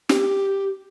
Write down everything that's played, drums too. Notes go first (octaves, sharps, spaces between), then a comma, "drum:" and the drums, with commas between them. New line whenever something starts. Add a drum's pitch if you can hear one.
G4, drum: snare